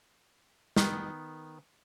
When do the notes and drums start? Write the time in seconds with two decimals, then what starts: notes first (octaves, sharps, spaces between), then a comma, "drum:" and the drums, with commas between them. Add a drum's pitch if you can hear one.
0.76 D#3 B3, drum: snare